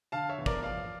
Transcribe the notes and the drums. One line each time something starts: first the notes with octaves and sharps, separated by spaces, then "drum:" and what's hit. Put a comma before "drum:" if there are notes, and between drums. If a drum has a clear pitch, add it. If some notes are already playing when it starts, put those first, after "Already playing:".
D3 F5 A5
C#5 E5
E2
A#4 D5, drum: kick
F3 D5 F5